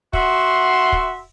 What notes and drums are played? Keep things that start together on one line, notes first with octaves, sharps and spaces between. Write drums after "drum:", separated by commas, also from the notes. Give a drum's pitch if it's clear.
F#4 E5 C6, drum: kick
drum: kick